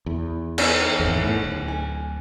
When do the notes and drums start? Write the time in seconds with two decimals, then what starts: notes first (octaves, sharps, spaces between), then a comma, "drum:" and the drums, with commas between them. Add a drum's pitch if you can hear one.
0.06 E2
0.58 B3 C#4 D#4, drum: cymbal
1.00 G#1 E2
1.23 A2
1.44 D1
1.68 G#5